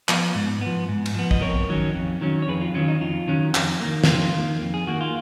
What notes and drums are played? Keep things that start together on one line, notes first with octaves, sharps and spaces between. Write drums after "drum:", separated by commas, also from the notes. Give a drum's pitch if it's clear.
F3 B3, drum: clap
G#2
B3
F3
G#2
drum: cymbal
F3 B3
D#5, drum: kick
F2 A#4 C#5
D#3 F#3 C#4
F2
D#3 F#3 C#4
C#5
F2 G#4 B4
F4
D#3 F#3 C#4 F4
D#4
F2 F4
D#3 F#3 C#4
F2, drum: clap
D#3 A#3
F#4, drum: snare
F2 F4
D#3 A#3
F2
G#4
D#3 A#3 F#4
F4